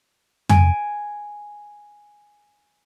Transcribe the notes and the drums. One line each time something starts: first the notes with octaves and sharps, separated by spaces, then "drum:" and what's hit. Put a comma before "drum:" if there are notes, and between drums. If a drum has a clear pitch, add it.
G#5 D7 D#7, drum: tom